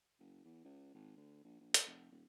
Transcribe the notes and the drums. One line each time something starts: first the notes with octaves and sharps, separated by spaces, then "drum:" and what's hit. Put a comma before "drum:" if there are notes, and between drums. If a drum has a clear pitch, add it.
F#1
E2
C#2
G#1
D2
A#1
A#1
drum: hi-hat
F1
D#1